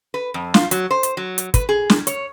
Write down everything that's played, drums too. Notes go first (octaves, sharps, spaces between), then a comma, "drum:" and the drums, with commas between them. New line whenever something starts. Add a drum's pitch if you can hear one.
B4
F2
F4, drum: snare
F#3, drum: hi-hat
C5
drum: hi-hat
F#3
drum: hi-hat
B4, drum: kick, hi-hat
G#4
drum: snare
C#5, drum: hi-hat